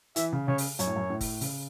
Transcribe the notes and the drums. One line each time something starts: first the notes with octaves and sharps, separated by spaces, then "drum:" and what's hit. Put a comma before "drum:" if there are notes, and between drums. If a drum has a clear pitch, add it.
E3 E5, drum: hi-hat
C#3
C#3 C#5
drum: open hi-hat
F#2 C#5, drum: hi-hat
A2
F#2
A2
drum: kick F#1, open hi-hat
C#3, drum: open hi-hat